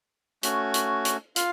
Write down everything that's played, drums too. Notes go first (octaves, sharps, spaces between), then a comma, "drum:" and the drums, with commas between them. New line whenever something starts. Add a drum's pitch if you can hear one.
A3 C#4 F#4, drum: hi-hat
drum: hi-hat
drum: hi-hat
F4 F5, drum: hi-hat